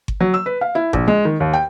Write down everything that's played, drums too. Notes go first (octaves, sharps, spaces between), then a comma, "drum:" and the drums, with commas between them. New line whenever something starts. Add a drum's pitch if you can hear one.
drum: kick G1
F#3
E6
B4
F5
E4
A#1, drum: kick G1
G#3
D#3
D#2
G5